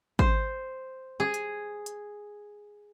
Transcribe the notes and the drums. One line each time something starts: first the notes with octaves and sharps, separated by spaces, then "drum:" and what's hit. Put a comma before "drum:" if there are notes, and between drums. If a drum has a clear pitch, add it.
C5, drum: kick
G#4
drum: hi-hat
drum: hi-hat